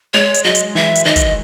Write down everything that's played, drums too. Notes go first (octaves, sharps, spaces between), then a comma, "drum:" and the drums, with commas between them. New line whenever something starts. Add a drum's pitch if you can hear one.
G#3 C#5
drum: hi-hat
F#3 D#5
drum: hi-hat
E3 E5
drum: hi-hat
D#3 D#5
drum: kick, hi-hat